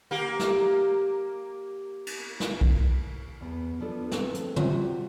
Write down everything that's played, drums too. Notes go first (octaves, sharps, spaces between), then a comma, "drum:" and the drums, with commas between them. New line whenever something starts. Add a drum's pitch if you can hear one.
A#3 G4
drum: snare
drum: cymbal
drum: snare
drum: kick B1
E2 B3
F3 B3 D4 A4
C4 G#4 A4 B4, drum: snare
F3, drum: hi-hat
C3 A3 C4 C#4 F4, drum: tom
G3 F4 F#4